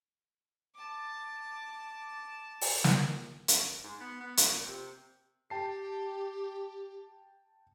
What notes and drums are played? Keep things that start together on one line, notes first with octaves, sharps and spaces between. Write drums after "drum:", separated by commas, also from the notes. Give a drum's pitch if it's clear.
A5 D6
drum: open hi-hat
drum: snare
drum: hi-hat
G#2
B3
B3
A2, drum: hi-hat
A#2
C3
G4 G5 A5 C7